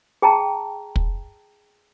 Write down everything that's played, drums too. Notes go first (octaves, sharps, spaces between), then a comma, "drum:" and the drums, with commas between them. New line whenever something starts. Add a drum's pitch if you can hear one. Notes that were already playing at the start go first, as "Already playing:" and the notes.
G#4 G5 A5 A#5
drum: kick